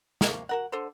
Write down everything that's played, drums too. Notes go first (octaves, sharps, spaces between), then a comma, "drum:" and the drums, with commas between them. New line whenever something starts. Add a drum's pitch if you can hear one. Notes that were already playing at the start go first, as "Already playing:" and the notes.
C3 F3 A#3 C#6, drum: snare
F#4 A#4 F#5
D3 A4 C5